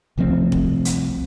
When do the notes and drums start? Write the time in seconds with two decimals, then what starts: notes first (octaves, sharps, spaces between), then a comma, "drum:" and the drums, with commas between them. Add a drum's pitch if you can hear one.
0.18 C2 F3 A3 C4
0.52 drum: kick
0.85 drum: hi-hat